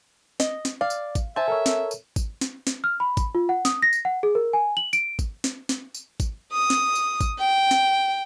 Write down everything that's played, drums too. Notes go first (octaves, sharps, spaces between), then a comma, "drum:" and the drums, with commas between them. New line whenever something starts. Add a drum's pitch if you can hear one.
D#5, drum: snare
drum: snare
D5 F5
drum: tambourine
drum: kick G#1, tambourine
C5 E5 G#5 A5
A4 A#4 C#5
drum: snare
drum: tambourine
drum: kick G#1, tambourine
drum: snare
drum: snare
F6
B5
drum: kick G#1, tambourine
F4
F#5
D#6, drum: snare
A#6
drum: tambourine
F#5
G#4
A#4
G#5
F#7
D7, drum: tambourine
drum: kick G#1, tambourine
drum: snare
drum: snare
drum: tambourine
drum: kick G#1, tambourine
D#6
drum: snare
drum: tambourine
drum: kick G#1, tambourine
G5
drum: snare